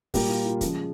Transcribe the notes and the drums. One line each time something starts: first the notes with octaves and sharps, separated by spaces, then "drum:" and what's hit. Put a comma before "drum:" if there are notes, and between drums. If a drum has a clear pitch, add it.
A#2 G3 A#3 G4, drum: kick, open hi-hat
F4
F4
C#3 F3 G#3, drum: kick, hi-hat